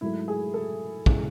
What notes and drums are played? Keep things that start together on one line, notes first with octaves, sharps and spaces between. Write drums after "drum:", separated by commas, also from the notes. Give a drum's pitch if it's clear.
G#2 F#3 A3 E4
G#4
A4
C#3 E3 G#3, drum: kick